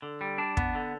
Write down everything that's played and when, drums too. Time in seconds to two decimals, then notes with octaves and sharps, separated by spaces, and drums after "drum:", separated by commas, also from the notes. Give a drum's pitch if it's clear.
0.02 D3
0.21 G3
0.38 D4
0.57 B3, drum: kick
0.75 D3